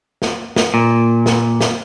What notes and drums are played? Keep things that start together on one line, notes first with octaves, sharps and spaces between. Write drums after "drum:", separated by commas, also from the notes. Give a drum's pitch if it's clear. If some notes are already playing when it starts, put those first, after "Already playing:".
drum: snare
drum: snare
A#2
drum: snare
drum: snare